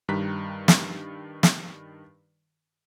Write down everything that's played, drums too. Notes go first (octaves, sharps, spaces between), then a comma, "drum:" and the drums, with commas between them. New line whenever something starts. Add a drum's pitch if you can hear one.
G2 D#3 G3 A#5 F#6 B6
drum: snare
drum: snare